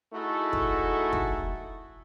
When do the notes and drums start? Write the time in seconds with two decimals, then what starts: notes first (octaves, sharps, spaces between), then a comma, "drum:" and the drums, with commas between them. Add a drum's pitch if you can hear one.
0.13 A3 D#4 E4 F#4 G#4 A4
0.53 drum: kick
1.13 drum: kick